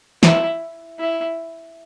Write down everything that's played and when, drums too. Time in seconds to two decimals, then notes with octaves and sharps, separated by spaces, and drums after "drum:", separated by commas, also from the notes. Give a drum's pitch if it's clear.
0.23 E4, drum: snare
0.99 E4